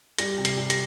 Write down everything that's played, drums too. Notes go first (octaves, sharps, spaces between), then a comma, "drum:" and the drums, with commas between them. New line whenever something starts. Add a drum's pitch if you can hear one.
G3 A#6, drum: hi-hat
C3
C7, drum: hi-hat
G3
A#6, drum: hi-hat